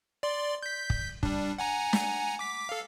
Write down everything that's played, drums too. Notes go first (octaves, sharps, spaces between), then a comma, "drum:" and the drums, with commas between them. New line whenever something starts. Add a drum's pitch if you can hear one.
D5 C6
G6 B6
drum: kick
G3 D4, drum: kick
F#5 G#5 A#5
drum: snare
D6 B6
A4 F5